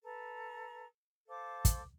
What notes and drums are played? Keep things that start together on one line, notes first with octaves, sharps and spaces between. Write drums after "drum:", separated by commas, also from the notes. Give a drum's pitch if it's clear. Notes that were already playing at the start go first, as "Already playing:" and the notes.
A4 B4 A#5
A4 C5 F5 D6
drum: kick, hi-hat